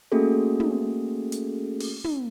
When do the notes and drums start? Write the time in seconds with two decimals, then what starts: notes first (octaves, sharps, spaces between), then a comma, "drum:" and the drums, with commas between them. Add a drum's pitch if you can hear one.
0.12 A3 A#3 C#4 F#4 G#4 A4
0.60 drum: tom
1.32 drum: hi-hat
1.80 drum: open hi-hat
2.04 drum: tom